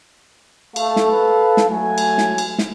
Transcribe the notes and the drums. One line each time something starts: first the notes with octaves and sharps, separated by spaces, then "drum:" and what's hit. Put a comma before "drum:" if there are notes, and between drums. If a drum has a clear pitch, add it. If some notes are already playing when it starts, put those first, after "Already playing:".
A3 A4 F5, drum: cymbal
drum: snare
B4
drum: snare
F#3 A3 G#5
drum: cymbal
drum: snare
drum: cymbal
drum: snare